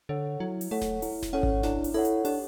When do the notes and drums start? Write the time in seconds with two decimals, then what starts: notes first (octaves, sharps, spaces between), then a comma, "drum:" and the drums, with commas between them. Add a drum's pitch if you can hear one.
0.09 D3 A4 C#5 F#5
0.40 F#3 E4
0.61 drum: open hi-hat
0.71 A3 A4 C#5 F#5
0.81 drum: snare E1
1.02 E4, drum: open hi-hat
1.23 drum: snare E1
1.33 C#4 A4 C#5 F#5
1.43 drum: kick G#1
1.63 D4 E4, drum: snare E1
1.84 drum: open hi-hat
1.94 E4 A4 C#5 F#5
2.05 drum: hi-hat
2.25 D4 G4, drum: open hi-hat